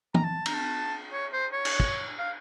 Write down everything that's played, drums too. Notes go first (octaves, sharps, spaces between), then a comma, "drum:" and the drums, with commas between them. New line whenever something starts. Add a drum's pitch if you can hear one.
A#5, drum: tom
A5
A#5, drum: cymbal
A5
C#5
C5
C#5
drum: cymbal
drum: kick
F5